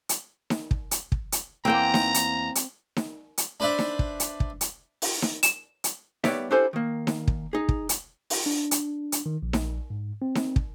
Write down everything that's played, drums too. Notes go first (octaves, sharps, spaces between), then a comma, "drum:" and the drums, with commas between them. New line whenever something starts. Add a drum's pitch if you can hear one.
drum: hi-hat
drum: snare D#4
drum: kick
drum: hi-hat
drum: kick
drum: hi-hat
E2 A#3 C4 G5 G#5 A#5
drum: snare D#4
drum: hi-hat
drum: hi-hat
drum: snare D#4
drum: hi-hat
D4 B4 C5 D5 E5
drum: snare D#4
drum: kick
drum: hi-hat
drum: kick
drum: hi-hat
drum: open hi-hat
drum: snare D#4
E7, drum: hi-hat
drum: hi-hat
G3 B3 C#5 D5 E5, drum: snare D#4
D4 E4 G4 A4 C5 G#5
D#3 A#3
drum: snare D#4
drum: kick
D#4 G#4
drum: kick
drum: hi-hat
drum: open hi-hat
D4
drum: hi-hat
drum: hi-hat
D#3
A#1
drum: snare D#4
G#2
C4
drum: snare D#4
drum: kick